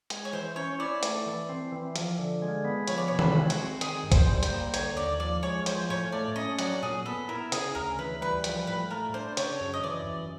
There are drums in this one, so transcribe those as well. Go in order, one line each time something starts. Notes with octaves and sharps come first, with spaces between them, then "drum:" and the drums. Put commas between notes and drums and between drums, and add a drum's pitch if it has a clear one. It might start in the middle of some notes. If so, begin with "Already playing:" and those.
G#3, drum: hi-hat
C#5
E3 C5
C#4 C#5
E4 D5
A3, drum: hi-hat
E3
C4
E3
F3, drum: hi-hat
D3
G#3
B3
F3 C#5, drum: hi-hat
D5
C#5
C3
B4, drum: tom D#3
G#3
F#4, drum: hi-hat
C4
D#3 G#4, drum: hi-hat
G2
C5, drum: kick A#1, hi-hat
G3
C5, drum: hi-hat
A#3
D3 C#5, drum: hi-hat
D#2 D5
F3 D5
G#3 C#5
F3 C5, drum: hi-hat
A2 C#5
A3 D5
C#4 D#5
F#3 D5, drum: hi-hat
A#2 G#4
B3 A4
E4 A#4
C#3 G#4, drum: hi-hat
D2 A#4
E3 B4
G3 B4
F3 B4, drum: hi-hat
A2 B4
A3 A#4
D4 C5
C#3 C#5, drum: hi-hat
F#2
D#5
E3 D5
F#2